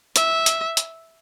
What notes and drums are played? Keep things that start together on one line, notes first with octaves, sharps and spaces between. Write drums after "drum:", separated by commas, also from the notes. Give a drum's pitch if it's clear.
E5, drum: hi-hat
drum: hi-hat
drum: hi-hat